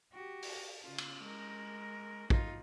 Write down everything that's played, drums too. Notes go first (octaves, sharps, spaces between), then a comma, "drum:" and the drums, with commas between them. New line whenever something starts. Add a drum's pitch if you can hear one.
F#4 G4
drum: open hi-hat
C#3 F4
drum: cymbal
G#3 A#4
D#4 F4, drum: kick